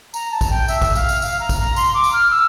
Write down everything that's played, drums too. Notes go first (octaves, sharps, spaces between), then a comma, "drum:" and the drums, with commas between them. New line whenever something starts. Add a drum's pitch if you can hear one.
A#5, drum: tambourine
A5
drum: kick, tambourine
G5
E5, drum: tambourine
drum: kick, tambourine
F5, drum: tambourine
drum: tambourine
F5, drum: tambourine
A#5
drum: kick, tambourine
A#5
C6, drum: tambourine
D6
drum: tambourine
F6
E6